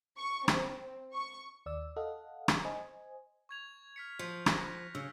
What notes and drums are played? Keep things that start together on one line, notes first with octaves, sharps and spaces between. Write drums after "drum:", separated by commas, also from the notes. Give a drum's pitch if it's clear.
C#6
C4, drum: rim click
C#6
D#2 D5 E6
A4 D#5 F5 F#5
drum: rim click
C5 D#5 G#5
C#6 G#6 F7
F6 B6 C#7
F3 G6 B6 C#7
F#6 A#6, drum: rim click
C#3 E6